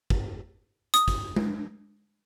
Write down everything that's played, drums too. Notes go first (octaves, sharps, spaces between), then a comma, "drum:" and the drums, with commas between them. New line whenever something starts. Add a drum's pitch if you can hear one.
drum: kick
D#6, drum: hi-hat
drum: kick
drum: tom G#3